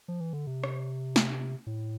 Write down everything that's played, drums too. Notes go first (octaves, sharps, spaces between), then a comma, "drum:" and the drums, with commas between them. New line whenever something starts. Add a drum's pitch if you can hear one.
F3
E3
D3
C3
drum: rim click
drum: snare
A2